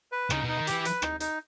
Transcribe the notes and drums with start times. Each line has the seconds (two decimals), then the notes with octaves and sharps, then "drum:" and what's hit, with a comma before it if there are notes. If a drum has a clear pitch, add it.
0.12 B4
0.30 C#3 D#4, drum: rim click
0.44 B2 D#4
0.57 D#3
0.67 E3 G4, drum: hi-hat
0.85 B4, drum: hi-hat
1.02 D#4, drum: rim click
1.20 D#4, drum: hi-hat